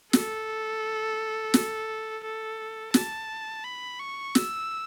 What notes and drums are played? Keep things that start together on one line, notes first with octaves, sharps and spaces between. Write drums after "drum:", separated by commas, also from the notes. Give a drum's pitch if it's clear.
A4, drum: snare
drum: snare
A4
A5, drum: snare
B5
C#6
E6, drum: snare